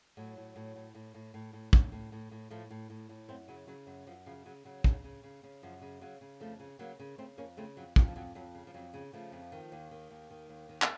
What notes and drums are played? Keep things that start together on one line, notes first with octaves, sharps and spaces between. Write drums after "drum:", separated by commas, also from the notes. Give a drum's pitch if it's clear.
A2 F#3
A2
A2
A2
A2
A2
A2
A2
A2, drum: kick
A2
A2
A2
A2 F3 A3
A2
A2
A2
F#2 A3 C4
C#3 F#3
C#3 F#3
F#2 F#3
F#2 F3
C#3 F3
C#3 F#3
C#3 F#3
C#3, drum: kick
C#3
C#3
C#3
F#2 F3
C#3
C#3 F#3
C#3
F2 F3 A3
C#3
C#3 F#3 A#3
C#3
C#3 A3 C4
F2 A#3 C#4
C#3 A3 C4
F2 F#3
F2 F3, drum: kick
F3
F2 F#3
F2 F#3
C#3
F3
F2 F#3
C#3
C#3 F3 A3
F2
D#3
D#2
D#3
D#2
D#3
D#2
D#3
drum: clap